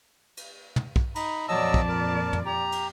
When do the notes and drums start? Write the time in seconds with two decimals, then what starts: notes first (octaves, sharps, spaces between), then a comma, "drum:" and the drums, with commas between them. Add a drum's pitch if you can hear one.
0.37 drum: cymbal
0.76 drum: tom
0.96 drum: kick
1.15 D#4 A#5 B5, drum: cymbal
1.48 F2 A#2 F#3 D5 D#5 A5 E6
1.74 drum: kick
1.89 A#4
2.33 drum: tom
2.45 G4 A#5
2.72 drum: cymbal